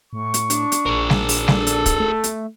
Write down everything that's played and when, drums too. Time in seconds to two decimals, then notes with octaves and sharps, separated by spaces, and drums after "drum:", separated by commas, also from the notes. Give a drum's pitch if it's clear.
0.13 A2 C#6
0.34 drum: hi-hat
0.50 D4, drum: hi-hat
0.72 drum: hi-hat
0.86 A#1 G#4 A#4
1.10 drum: snare G3
1.29 drum: open hi-hat
1.48 A4, drum: snare G3
1.67 drum: hi-hat
1.86 drum: kick, hi-hat
2.00 A3
2.24 drum: hi-hat